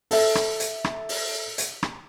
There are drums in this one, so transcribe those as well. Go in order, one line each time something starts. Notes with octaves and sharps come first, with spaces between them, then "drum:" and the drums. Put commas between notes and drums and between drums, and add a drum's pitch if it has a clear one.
A4 E5, drum: open hi-hat
drum: rim click
drum: hi-hat
drum: rim click
drum: open hi-hat
drum: hi-hat
drum: rim click